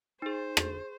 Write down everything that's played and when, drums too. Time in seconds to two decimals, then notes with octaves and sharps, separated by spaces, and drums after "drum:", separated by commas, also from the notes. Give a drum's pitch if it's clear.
0.22 D#4 G#4 C5
0.57 G#4, drum: rim click